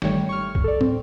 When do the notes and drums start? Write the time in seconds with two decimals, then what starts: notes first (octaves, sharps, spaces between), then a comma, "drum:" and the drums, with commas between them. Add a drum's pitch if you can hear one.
0.02 G#1 D#3 G3 A3 C#5 G5, drum: snare
0.29 C#6 F6
0.55 drum: kick
0.64 A4 D5
0.81 C4, drum: tom